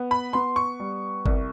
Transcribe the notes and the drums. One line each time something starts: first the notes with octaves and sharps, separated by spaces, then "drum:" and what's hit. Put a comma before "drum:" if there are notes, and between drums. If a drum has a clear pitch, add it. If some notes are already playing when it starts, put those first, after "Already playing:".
Already playing: B3
B5
B3 C6
C#6
G3
C2, drum: kick G1